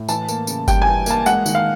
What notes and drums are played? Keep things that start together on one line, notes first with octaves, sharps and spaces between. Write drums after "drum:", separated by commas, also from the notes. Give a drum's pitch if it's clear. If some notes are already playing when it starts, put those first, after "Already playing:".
Already playing: A2
E3 A5, drum: tambourine
A#3, drum: tambourine
C#3, drum: tambourine
G3 G5, drum: kick G1, tambourine
E3 G#5
A#3 A5, drum: tambourine
G#3 F#5, drum: tambourine
D#3, drum: tambourine
F5